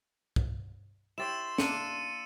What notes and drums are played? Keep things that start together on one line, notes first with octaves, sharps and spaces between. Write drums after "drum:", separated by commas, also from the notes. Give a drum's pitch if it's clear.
drum: kick
E4 G4 C#5 C6 E6 A6 E7
A#3 D4 C#7 D#7, drum: snare